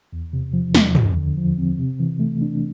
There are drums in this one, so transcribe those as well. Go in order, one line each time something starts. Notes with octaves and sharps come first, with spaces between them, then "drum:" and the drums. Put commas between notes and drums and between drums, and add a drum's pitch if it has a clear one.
E2
C3
F3
E2, drum: snare
D2, drum: tom
D3
F3
C4
C3
E3
A3
D4